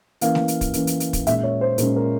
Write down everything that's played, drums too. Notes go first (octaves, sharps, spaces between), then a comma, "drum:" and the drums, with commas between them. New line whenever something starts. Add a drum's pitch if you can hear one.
E3 A#3 C#4 F5, drum: hi-hat
drum: snare A3
drum: hi-hat
drum: kick, hi-hat
E3 A#3 C#4, drum: hi-hat
drum: hi-hat
drum: hi-hat
drum: kick, hi-hat
A#2 G#3 C#4 E5, drum: hi-hat
C#5
C5
A#2 G#3 C#4 A#4, drum: hi-hat
A#4